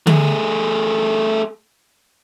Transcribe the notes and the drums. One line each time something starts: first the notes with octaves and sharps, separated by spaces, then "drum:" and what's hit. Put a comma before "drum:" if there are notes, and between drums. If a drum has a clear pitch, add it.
A3 G#4, drum: tom D3